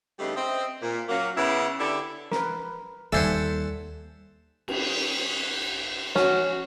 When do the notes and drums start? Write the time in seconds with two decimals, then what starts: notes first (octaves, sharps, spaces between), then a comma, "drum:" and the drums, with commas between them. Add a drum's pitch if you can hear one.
0.18 C#3 G3 A3 B3 D4 D#4
0.35 C4 D#5 E5
0.81 A#2
1.09 F#3 A#3 C#4
1.35 C#3 B3 E4
1.78 D3 E4 G4 A4 D5
2.32 A#4 B4, drum: snare
3.12 D#2 G3 A4 C5 D5 E5 F#5 G#5
4.68 drum: cymbal
6.16 C#4 F#4, drum: snare